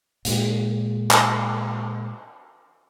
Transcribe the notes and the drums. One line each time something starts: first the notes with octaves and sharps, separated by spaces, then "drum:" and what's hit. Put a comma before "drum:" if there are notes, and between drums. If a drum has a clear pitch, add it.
A#2 G#3, drum: hi-hat
drum: clap